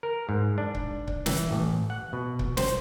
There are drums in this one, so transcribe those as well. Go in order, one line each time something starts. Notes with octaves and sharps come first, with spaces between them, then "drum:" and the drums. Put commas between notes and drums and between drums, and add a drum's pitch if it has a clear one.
A#4
G#2
D4
drum: kick C#1
drum: kick C#1
E3, drum: snare
A1
F#5
B2
drum: kick C#1
C5, drum: snare